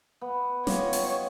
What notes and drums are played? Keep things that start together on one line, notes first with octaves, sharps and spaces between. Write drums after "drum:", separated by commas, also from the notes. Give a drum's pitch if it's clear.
B3
F4 G4 C#5 D#5, drum: snare
drum: open hi-hat